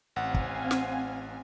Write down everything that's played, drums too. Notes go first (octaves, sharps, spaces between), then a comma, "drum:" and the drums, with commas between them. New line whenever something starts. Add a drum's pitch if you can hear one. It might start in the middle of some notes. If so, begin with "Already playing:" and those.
A1 C4 F5 F#5 G#5
drum: kick
drum: snare